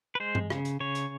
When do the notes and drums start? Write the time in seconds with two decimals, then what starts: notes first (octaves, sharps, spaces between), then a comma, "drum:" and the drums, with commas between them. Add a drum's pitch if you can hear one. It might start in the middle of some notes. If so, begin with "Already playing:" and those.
0.15 B4
0.20 G#3 C5
0.35 drum: tom G2
0.50 C#3, drum: rim click
0.65 drum: hi-hat
0.80 C#3 C#5
0.95 drum: hi-hat